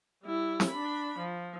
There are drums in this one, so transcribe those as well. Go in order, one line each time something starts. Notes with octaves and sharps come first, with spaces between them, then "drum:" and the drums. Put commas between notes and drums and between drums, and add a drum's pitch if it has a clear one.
G3 E4
drum: snare
D4 B5
F3